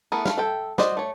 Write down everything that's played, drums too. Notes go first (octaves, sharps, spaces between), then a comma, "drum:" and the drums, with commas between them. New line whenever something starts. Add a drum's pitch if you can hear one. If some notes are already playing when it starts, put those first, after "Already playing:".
A3 B3 E4 G#4 A#4
A3 E4 F5, drum: snare
A4 E5 G5
F#4 C5 D5 D#5, drum: snare
A3 C#5